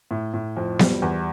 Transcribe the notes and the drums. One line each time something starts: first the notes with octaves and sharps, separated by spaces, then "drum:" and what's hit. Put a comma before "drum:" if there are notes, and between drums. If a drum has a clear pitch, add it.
A2
A2
F2
G3, drum: snare B3
E2